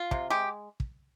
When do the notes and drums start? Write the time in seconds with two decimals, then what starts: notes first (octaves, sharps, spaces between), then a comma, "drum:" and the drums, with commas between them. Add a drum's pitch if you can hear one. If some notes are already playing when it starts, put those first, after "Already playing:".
Already playing: F4
0.11 C3, drum: kick
0.30 G#3 G4
0.80 drum: kick